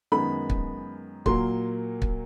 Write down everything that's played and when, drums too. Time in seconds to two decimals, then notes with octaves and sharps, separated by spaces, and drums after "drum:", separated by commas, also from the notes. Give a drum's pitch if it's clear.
0.12 F#2 D#3 G#3 B3 B5
0.50 drum: kick
1.26 A#2 F#3 A#3 C6, drum: kick
2.02 drum: kick